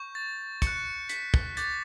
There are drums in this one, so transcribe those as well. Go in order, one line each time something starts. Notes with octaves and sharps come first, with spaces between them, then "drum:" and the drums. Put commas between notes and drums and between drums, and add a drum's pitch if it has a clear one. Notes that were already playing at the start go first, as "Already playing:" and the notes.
Already playing: C#6 G6
A6
C#6 F#6 C#7, drum: kick, hi-hat
B6, drum: hi-hat
drum: kick
D6 G6 A6, drum: hi-hat